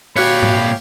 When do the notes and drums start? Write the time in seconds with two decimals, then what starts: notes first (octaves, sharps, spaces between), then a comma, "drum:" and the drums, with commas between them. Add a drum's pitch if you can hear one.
0.16 A#2 F#4 G4 C#5 F5 B5 F#6 C#7, drum: open hi-hat
0.43 drum: tom G#2